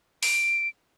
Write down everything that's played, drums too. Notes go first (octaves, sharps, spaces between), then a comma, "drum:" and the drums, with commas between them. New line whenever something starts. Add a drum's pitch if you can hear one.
D7, drum: open hi-hat